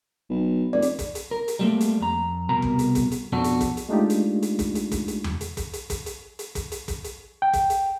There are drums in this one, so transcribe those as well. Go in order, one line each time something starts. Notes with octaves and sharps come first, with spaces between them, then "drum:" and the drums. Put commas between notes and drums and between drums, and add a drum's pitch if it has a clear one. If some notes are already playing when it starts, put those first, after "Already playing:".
B1
F1 D5
drum: hi-hat
drum: kick, hi-hat
drum: hi-hat
A#4
drum: hi-hat
G3 A3 A#3
drum: hi-hat
F2 A#5
C2 B2 A#4 A#5
drum: kick
drum: hi-hat
drum: kick, hi-hat
drum: hi-hat
F2 B2 F3 D4 F#4 A4
drum: hi-hat
drum: kick, hi-hat
drum: hi-hat
G#3 A3 D4 D#4 F4 G4
drum: hi-hat
drum: hi-hat
drum: kick, hi-hat
drum: hi-hat
drum: kick, hi-hat
drum: hi-hat
drum: tom E2
drum: hi-hat
drum: kick, hi-hat
drum: hi-hat
drum: kick, hi-hat
drum: hi-hat
drum: hi-hat
drum: kick, hi-hat
drum: hi-hat
drum: kick, hi-hat
drum: hi-hat
G5
drum: kick, hi-hat
drum: hi-hat